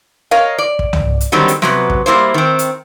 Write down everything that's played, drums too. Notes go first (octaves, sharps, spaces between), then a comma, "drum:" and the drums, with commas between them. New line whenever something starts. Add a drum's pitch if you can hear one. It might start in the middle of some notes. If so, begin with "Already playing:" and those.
A#4 C#5 D#5 F5
D5
drum: kick
drum: tom C2
drum: hi-hat
D3 D#3 F#3 G3 C4 D#4
drum: hi-hat
C3 F#3 B3, drum: snare
drum: kick
G3 A#3 E4 C5
D#3 C4
drum: hi-hat